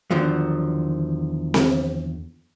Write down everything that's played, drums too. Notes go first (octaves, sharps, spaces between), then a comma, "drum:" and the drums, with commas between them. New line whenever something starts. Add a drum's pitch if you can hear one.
E2 D3 D#3 F3 F#3
drum: snare C4